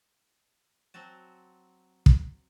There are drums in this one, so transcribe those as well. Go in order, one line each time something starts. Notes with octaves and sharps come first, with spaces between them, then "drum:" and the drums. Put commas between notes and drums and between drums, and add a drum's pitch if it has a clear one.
F#3 C4 F#4 A5
drum: kick